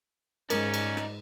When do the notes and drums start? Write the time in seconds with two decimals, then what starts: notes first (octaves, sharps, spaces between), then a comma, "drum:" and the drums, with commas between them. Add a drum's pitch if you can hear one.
0.50 G#2 C#4 D#4 A#4 D5, drum: cymbal
0.74 drum: cymbal
0.97 drum: rim click